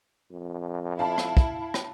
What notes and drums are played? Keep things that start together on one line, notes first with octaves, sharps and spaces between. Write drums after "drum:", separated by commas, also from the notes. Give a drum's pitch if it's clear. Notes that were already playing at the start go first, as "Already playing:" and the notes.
F2
E4 F5 A5 B5
drum: rim click
drum: kick
drum: rim click